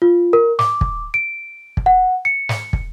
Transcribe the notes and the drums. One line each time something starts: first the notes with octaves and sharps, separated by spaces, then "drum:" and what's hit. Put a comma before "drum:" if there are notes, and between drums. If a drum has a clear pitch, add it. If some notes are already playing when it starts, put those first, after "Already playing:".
F4
A#4
D6, drum: snare
drum: kick
D7
drum: kick
F#5
C#7
drum: snare
drum: kick